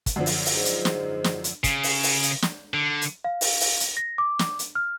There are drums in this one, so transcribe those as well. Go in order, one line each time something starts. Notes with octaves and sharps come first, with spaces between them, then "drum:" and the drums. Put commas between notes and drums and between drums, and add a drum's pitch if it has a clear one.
drum: kick, hi-hat
F#2 D3 F3
drum: open hi-hat
drum: open hi-hat
G#2
drum: hi-hat
drum: snare
drum: snare
drum: hi-hat
C#3, drum: kick, hi-hat
drum: open hi-hat
drum: open hi-hat
drum: hi-hat
drum: snare
D3
drum: hi-hat
F5
drum: open hi-hat
drum: open hi-hat
drum: hi-hat
A#6
D6
drum: snare
drum: hi-hat
F6